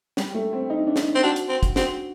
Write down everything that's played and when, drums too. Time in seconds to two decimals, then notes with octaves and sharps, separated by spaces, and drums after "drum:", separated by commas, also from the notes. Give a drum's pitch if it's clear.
0.17 G3, drum: snare
0.34 A3
0.53 C4
0.70 D#4
0.87 D4
0.96 D#4, drum: snare
1.15 C4
1.23 D4 F#4
1.36 drum: hi-hat
1.49 C4
1.63 drum: kick, hi-hat
1.76 C4 F#4, drum: snare